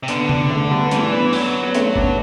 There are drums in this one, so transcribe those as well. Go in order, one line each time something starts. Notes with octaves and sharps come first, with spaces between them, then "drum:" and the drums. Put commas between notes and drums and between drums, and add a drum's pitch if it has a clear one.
C3
D3 B3 D4, drum: hi-hat
drum: tom
A3 C4
G3 B3
B3
E3 A3 C4, drum: hi-hat
B3 D4
F#3, drum: open hi-hat
B3
A3 C4, drum: hi-hat
B3 D4, drum: kick G1